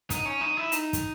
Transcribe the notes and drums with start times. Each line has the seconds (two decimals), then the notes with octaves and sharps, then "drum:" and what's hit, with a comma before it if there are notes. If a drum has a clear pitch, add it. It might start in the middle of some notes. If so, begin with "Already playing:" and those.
0.10 D#4, drum: kick, hi-hat
0.25 C#4
0.41 D#4
0.57 E4
0.72 D#4, drum: hi-hat
0.93 drum: kick, hi-hat